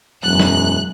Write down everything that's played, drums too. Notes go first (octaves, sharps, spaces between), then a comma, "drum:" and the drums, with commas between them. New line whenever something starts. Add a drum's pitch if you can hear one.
E1 F#2 F#3 F#6
drum: snare